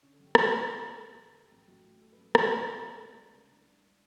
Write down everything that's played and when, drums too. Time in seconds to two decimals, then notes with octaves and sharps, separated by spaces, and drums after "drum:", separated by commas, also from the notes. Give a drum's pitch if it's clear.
0.03 D3 C#4
0.13 A4
0.19 G1
0.25 G4
0.35 G1 G4, drum: rim click
0.44 E4
0.52 F#2 D4
0.61 E4
0.69 F#3 B4
0.85 E2
1.01 E2
1.19 D3
1.35 F#3 A4
1.46 G4
1.52 A1
1.68 A1 F#4
1.84 A2
2.01 F#3 A4
2.12 B4
2.18 A1
2.23 A4
2.35 A1 A4, drum: rim click
2.51 A2
2.68 G3 F#4
2.78 D4
2.84 C#2
2.90 D4
3.01 C#2 B3
3.18 C#3
3.34 C#3 C#4
3.45 D4
3.51 F#1 E4
3.67 G3 D4